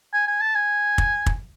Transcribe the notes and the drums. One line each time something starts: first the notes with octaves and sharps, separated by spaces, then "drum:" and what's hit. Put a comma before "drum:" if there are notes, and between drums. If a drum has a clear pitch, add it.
G#5
G#5
A5
G#5
drum: kick
drum: kick